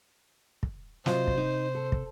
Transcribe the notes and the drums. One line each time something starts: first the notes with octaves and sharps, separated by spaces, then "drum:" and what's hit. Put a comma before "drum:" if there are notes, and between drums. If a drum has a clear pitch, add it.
drum: kick
C3 F#3 F4 C5 D#5, drum: snare
drum: kick
D#4
A4
drum: kick